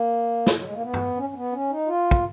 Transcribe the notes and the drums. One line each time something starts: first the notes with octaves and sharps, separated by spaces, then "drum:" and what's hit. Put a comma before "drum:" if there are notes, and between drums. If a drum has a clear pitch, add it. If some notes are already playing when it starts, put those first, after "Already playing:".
Already playing: A#3
drum: snare
F#3
G#3
A#3
B3
drum: tom F#2
C#4
C#4
B3
C#4
D#4
F4
drum: kick